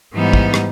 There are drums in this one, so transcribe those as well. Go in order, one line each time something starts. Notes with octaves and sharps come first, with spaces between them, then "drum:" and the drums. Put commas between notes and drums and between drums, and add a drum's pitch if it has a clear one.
G#2 E3 G3 B3 D#4
drum: kick
drum: rim click